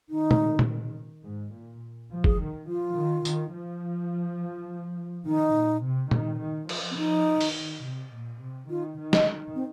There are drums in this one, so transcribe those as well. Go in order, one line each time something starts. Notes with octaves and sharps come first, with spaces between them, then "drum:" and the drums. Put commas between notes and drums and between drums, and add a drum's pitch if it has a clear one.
D#3 D#4
drum: tom A#2
drum: tom A#2
G#2
A#2
F3
G#4, drum: kick F#1
D#3
F3 F4
D#3
D#3, drum: tambourine
F3
D#3 D#4
A#2
C3
D#3, drum: tom A#2
D#3
F3, drum: cymbal
C4
F3 D#4
D#3, drum: open hi-hat
C3
A#2
C3
D#3 F4
D#3
D#5, drum: snare
D#3
C4